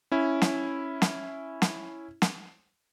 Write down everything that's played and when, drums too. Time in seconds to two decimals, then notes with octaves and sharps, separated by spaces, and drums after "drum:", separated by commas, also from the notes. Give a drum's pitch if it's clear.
0.12 C#4 E4
0.42 drum: snare
1.02 drum: snare
1.62 drum: snare
2.22 drum: snare